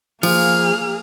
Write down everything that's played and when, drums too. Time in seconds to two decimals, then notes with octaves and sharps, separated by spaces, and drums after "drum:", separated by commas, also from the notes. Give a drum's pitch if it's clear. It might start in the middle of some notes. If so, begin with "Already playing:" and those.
0.23 F3 A#3 G#4 F6, drum: cymbal